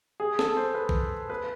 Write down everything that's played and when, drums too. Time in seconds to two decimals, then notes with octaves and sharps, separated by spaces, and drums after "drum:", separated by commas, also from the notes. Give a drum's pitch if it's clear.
0.20 G#4
0.39 A4, drum: snare
0.57 C5
0.75 B4
0.89 drum: kick
1.30 B4